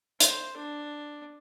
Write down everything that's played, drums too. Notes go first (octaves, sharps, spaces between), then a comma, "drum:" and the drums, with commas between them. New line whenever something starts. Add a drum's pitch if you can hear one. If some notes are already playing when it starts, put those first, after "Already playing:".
C5, drum: hi-hat
D4